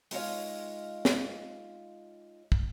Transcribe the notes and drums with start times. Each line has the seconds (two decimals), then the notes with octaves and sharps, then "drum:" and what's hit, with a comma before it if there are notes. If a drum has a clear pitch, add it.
0.11 G#3 D#4 F4 C#5 F5, drum: open hi-hat
1.05 drum: snare
2.52 drum: kick